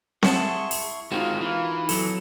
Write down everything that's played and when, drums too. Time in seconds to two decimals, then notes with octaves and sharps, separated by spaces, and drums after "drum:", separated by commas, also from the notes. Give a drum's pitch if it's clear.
0.23 E4 G#4 F#5 A5 C6 C#6, drum: snare C4
0.71 drum: open hi-hat
1.12 G#3 C4 D#4 F4 F#4 A#4 F5
1.41 E3
1.89 F#3 A4, drum: open hi-hat